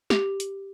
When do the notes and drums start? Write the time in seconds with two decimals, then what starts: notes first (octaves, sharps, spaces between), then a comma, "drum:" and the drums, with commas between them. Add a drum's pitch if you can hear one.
0.10 G4, drum: snare
0.40 drum: hi-hat